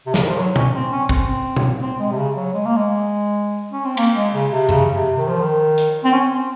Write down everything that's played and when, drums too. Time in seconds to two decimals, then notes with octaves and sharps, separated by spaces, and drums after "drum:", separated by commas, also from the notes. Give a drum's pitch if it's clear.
0.07 C3
0.14 C#3, drum: snare
0.23 D#3
0.29 F3
0.37 F#3
0.56 C#4, drum: tom A#2
0.74 C4
0.92 C#4
1.09 C4, drum: kick
1.56 drum: tom A#2
1.82 C4
1.99 G#3
2.11 C3
2.18 C#3
2.36 F#3
2.54 G#3
2.66 A#3
2.76 G#3
3.72 C#4
3.85 C4
3.97 A#3, drum: cymbal
4.15 G#3
4.34 C#3
4.51 C3
4.69 C#3, drum: tom F#2
4.93 C3
5.18 D#3
5.28 F3
5.40 D#3
5.78 drum: hi-hat
6.04 C4
6.13 C#4
6.32 C4